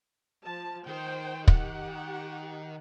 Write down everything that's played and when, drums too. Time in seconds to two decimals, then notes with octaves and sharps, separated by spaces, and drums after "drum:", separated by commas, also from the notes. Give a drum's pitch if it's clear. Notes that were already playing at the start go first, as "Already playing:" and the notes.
0.45 F3 A5
0.87 D#3 C5 G5
1.48 G4 F#5, drum: kick